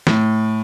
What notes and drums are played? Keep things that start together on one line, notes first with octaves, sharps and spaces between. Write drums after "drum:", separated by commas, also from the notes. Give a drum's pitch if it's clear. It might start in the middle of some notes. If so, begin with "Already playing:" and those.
A2, drum: snare